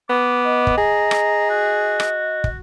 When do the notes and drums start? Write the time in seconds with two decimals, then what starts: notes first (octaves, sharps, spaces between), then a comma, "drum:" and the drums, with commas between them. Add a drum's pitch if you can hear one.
0.09 B3 D6
0.45 D#5
0.67 drum: kick
0.77 G#4 A#5
1.11 drum: rim click
1.50 F#4
2.00 drum: rim click
2.44 drum: kick